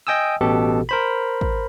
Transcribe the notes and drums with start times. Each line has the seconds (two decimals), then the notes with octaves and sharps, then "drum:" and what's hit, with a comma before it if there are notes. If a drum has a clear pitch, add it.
0.07 D#5 G5 G#5 D#6 E6
0.41 A1 B2 G4 A4
0.89 A#4 C5 B5
1.41 drum: kick